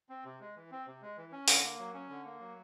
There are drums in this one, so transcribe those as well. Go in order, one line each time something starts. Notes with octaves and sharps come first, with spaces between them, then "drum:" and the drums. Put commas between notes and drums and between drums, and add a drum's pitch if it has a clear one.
C4
C3
G#3
E3
C4
C3
G#3
E3
C#4
D3, drum: open hi-hat
A#3
F#3
C#4
D3
A#3
F#3